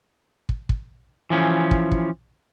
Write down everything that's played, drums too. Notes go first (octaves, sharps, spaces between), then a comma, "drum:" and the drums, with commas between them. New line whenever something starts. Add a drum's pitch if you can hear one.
drum: kick
drum: kick
E3 F3 C#4
drum: kick
drum: kick